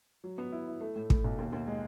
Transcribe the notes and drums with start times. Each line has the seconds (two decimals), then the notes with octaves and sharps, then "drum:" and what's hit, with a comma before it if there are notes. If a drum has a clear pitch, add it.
0.24 F#3
0.38 B3
0.52 E4
0.67 E4
0.81 A3
0.96 A2
1.10 A2, drum: kick
1.24 B1
1.39 D#2
1.53 D#2
1.67 G#3